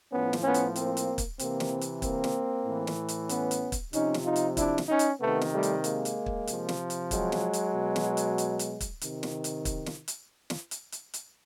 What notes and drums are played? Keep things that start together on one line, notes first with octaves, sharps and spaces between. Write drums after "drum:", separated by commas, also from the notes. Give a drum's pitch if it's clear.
A2 F3 B3 C#4
drum: snare
B3 C#4
drum: hi-hat
A#3 C4, drum: hi-hat
drum: hi-hat
drum: kick, hi-hat
C3 E3 A#3 C4, drum: hi-hat
drum: snare
drum: hi-hat
A#3 C4, drum: kick, hi-hat
drum: snare
A2 E3
drum: snare
drum: hi-hat
B3 C#4, drum: hi-hat
drum: hi-hat
drum: kick, hi-hat
C3 F3 C#4 D#4, drum: hi-hat
drum: snare
D#4 F4
drum: hi-hat
D4 E4, drum: kick, hi-hat
drum: snare
C#4 D#4
drum: hi-hat
C3 D#3 A3 B3
drum: snare
G3 A3
drum: hi-hat
G#3 A#3, drum: hi-hat
drum: hi-hat
drum: kick
C3 F3, drum: hi-hat
drum: snare
drum: hi-hat
F#3 G#3, drum: kick, hi-hat
drum: snare
drum: hi-hat
B2
drum: snare
drum: hi-hat
drum: hi-hat
drum: hi-hat
drum: kick, hi-hat
C3 D#3, drum: hi-hat
drum: snare
drum: hi-hat
drum: kick, hi-hat
drum: snare
drum: hi-hat
drum: snare
drum: hi-hat
drum: hi-hat
drum: hi-hat